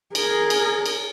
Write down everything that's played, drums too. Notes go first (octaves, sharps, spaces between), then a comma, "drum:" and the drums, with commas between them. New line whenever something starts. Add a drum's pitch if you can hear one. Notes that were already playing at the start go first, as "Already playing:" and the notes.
G#4 A#4, drum: cymbal
drum: cymbal
drum: cymbal